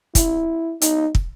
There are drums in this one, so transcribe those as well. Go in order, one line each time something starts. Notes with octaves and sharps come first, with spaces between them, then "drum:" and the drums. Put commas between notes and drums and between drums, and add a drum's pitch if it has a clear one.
E4, drum: kick, hi-hat
D#4, drum: hi-hat
drum: kick